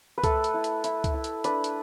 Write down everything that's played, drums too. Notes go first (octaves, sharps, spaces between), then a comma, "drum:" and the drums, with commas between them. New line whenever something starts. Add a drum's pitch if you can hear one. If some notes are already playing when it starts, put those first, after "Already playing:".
B4
A3 A4, drum: kick, hi-hat
drum: hi-hat
E4
drum: hi-hat
E4, drum: hi-hat
drum: kick, hi-hat
E4
drum: hi-hat
D4 B4, drum: hi-hat
drum: hi-hat